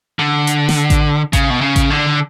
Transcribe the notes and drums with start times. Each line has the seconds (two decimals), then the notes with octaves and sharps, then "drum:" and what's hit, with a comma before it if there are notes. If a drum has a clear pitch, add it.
0.19 D3
0.47 drum: hi-hat
0.69 drum: snare
0.90 drum: kick A1, hi-hat
1.33 C#3, drum: kick A1, hi-hat
1.50 B2
1.61 C#3
1.76 drum: kick A1, hi-hat
1.90 D3